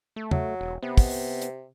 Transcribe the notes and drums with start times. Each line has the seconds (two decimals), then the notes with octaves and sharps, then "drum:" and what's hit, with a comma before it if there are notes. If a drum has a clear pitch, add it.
0.16 A3
0.31 F#3, drum: tom E2
0.61 E1
0.83 C3 B3
0.98 drum: kick, open hi-hat
1.42 drum: hi-hat